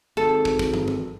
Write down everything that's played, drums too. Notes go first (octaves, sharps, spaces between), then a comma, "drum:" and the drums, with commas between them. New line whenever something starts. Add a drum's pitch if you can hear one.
G#1 A4
drum: kick
drum: kick
drum: tom
drum: tom E3